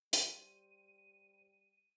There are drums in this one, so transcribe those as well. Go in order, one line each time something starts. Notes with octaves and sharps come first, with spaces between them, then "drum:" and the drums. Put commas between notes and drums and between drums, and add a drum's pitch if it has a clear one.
G3 C5 D#7, drum: hi-hat